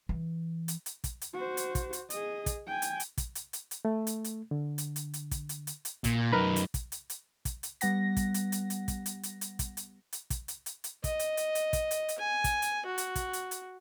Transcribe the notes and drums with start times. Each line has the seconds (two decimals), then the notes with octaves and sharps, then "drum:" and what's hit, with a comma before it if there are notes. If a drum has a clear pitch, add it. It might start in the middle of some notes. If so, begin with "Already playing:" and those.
0.09 E3
0.68 drum: hi-hat
0.86 drum: hi-hat
1.04 drum: kick, hi-hat
1.21 drum: hi-hat
1.34 F#4 C5
1.57 drum: hi-hat
1.75 drum: kick, hi-hat
1.93 drum: hi-hat
2.10 G#4 D#5, drum: hi-hat
2.46 drum: kick, hi-hat
2.67 G5 G#5
2.82 drum: hi-hat
3.00 drum: hi-hat
3.18 drum: kick, hi-hat
3.35 drum: hi-hat
3.53 drum: hi-hat
3.71 drum: hi-hat
3.85 A3
4.07 drum: hi-hat
4.24 drum: hi-hat
4.51 D3
4.78 drum: hi-hat
4.96 drum: hi-hat
5.14 drum: hi-hat
5.31 drum: kick, hi-hat
5.49 drum: hi-hat
5.67 drum: hi-hat
5.85 drum: hi-hat
6.04 A#2, drum: kick, hi-hat
6.32 F#2 D#4 A#4 B4 B5
6.56 drum: hi-hat
6.74 drum: kick, hi-hat
6.92 drum: hi-hat
7.10 drum: hi-hat
7.45 drum: kick, hi-hat
7.63 drum: hi-hat
7.81 G3 B3 F#5 A#6, drum: hi-hat
8.16 drum: kick, hi-hat
8.34 drum: hi-hat
8.52 drum: hi-hat
8.70 drum: hi-hat
8.88 drum: kick, hi-hat
9.06 drum: hi-hat
9.23 drum: hi-hat
9.41 drum: hi-hat
9.59 drum: kick, hi-hat
9.77 drum: hi-hat
10.13 drum: hi-hat
10.30 drum: kick, hi-hat
10.48 drum: hi-hat
10.66 drum: hi-hat
10.84 drum: hi-hat
11.04 D#5, drum: kick, hi-hat
11.19 drum: hi-hat
11.37 drum: hi-hat
11.55 drum: hi-hat
11.73 drum: kick, hi-hat
11.91 drum: hi-hat
12.09 drum: hi-hat
12.18 G#5
12.44 drum: kick, hi-hat
12.62 drum: hi-hat
12.86 F#4
12.98 drum: hi-hat
13.15 drum: kick, hi-hat
13.33 drum: hi-hat
13.51 drum: hi-hat